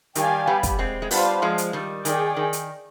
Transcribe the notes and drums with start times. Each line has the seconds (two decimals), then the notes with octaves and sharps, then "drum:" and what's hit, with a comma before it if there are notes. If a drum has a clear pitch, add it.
0.15 D#3 G3 G4 D5 F5 G#5, drum: hi-hat
0.47 G3 B3
0.63 drum: kick, hi-hat
0.79 G#3 C4
1.02 G#3
1.11 G3 B3 D4 F4 C5 F5, drum: open hi-hat
1.42 F3 G#3
1.58 drum: hi-hat
1.73 D#3 G3
2.05 D#3 G#4 D5 G5, drum: hi-hat
2.37 D#3
2.53 drum: hi-hat